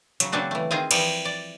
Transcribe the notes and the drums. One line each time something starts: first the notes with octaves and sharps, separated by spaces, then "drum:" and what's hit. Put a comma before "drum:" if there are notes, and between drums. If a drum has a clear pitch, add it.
C#3 F#3, drum: hi-hat
C#3 F#3 A#3 C4 D4 F#4
E3 A3
D#3 C4 F4 G#4 G#5 A#5
E3 F3 G3, drum: cymbal
D5